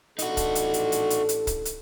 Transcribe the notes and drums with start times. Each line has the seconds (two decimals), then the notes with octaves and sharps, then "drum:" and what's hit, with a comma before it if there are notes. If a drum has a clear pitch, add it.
0.19 A1 D4 D#4 F#4 A4, drum: hi-hat
0.37 drum: kick, hi-hat
0.55 drum: hi-hat
0.74 drum: hi-hat
0.92 drum: hi-hat
1.10 drum: hi-hat
1.29 drum: hi-hat
1.47 drum: kick, hi-hat
1.65 drum: hi-hat